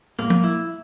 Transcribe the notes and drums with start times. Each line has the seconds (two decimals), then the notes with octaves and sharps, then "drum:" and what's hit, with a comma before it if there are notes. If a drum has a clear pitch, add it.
0.19 A#3, drum: tom
0.30 drum: tom
0.44 E4